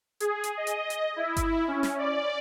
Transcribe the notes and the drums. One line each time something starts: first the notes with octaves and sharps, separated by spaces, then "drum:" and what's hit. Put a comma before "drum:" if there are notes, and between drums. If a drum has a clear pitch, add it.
G#4, drum: hi-hat
drum: hi-hat
D#5
drum: hi-hat
drum: hi-hat
E4
drum: kick G1, hi-hat
C#4
drum: snare
D5